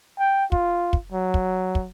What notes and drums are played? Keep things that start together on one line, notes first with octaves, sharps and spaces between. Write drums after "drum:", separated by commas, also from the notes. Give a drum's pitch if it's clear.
G5
F4, drum: kick
drum: kick
F#3
drum: kick
drum: kick